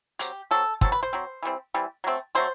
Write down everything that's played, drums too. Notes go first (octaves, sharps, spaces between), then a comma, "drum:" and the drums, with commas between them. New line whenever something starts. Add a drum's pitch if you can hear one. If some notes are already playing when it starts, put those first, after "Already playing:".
F#3 C4 G4, drum: hi-hat
F#3 C4 A4
F#3 C4 A4, drum: kick
B4
C5
F#3 C4
E3 G3 C4
E3 G3 C4
F#3 A3 C4
F#3 A3 C4 C5